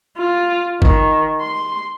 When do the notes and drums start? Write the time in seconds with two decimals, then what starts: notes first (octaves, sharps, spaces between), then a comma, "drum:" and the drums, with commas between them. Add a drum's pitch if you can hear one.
0.18 F4
0.82 D#3, drum: kick G#1
1.41 C6